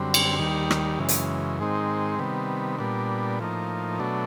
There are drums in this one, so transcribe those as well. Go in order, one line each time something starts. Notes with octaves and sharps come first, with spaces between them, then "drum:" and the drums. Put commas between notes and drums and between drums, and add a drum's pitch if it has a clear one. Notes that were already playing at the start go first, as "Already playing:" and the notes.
Already playing: F#2 D3 G3 C4
drum: cymbal
D#2 D#3 G3
drum: rim click
F#2 C#3 E3 G#3
drum: hi-hat
G#2 D#3 G#3 C4 D#4
C3 D#3 G3 B3
A#2 G3 B3 D4
A2 F3 A#3 D#4
B2 F#3 A3 D4